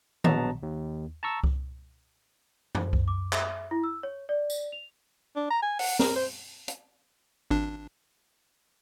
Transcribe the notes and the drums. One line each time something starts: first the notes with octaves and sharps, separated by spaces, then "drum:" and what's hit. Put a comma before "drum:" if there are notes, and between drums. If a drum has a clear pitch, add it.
A#1 B2 F#3 B3 A5 A#5, drum: tom D#3
D#2
A5 A#5 C#6 E6
drum: kick C2
C5, drum: tom F#2
drum: kick C2
D6
E5, drum: clap
E4
E6
C#5
D5
drum: tambourine
F7
D4
A#5
G#5
F#5, drum: open hi-hat
A#4, drum: snare
C5
drum: hi-hat
G#1 D4